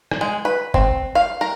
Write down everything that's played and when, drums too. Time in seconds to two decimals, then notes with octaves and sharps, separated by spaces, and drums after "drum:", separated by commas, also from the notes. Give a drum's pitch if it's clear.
0.11 drum: rim click
0.21 G#3
0.45 B4
0.74 C4, drum: kick
1.15 F5
1.41 A#4